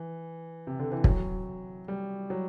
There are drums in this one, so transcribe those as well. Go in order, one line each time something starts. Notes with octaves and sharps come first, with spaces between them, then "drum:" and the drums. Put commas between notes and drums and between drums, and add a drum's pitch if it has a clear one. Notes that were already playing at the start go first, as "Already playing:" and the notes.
Already playing: E3
C3
D3
E3
F#3, drum: kick
G3
F#3